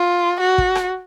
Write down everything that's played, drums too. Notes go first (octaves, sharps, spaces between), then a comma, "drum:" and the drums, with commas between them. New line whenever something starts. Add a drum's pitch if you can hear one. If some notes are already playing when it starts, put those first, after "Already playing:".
Already playing: F4
F#4
drum: kick
drum: rim click